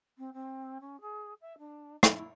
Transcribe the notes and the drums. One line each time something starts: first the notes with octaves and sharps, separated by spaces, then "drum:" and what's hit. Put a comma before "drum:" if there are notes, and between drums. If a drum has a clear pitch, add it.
C4
C4
C#4
G#4
E5
D4
E4, drum: rim click